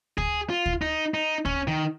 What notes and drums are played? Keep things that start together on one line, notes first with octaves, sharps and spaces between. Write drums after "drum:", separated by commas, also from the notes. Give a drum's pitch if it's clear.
G#4, drum: kick D2
F4
drum: kick D2
D#4
D#4
C#4, drum: kick D2
D#3